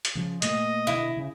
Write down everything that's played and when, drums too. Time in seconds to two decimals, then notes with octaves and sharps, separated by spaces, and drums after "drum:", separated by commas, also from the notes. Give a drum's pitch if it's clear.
0.05 drum: hi-hat
0.15 C#3 F3
0.42 A#2 A3 A#3 D#5, drum: hi-hat
0.87 B2 D3 E4
1.17 C#3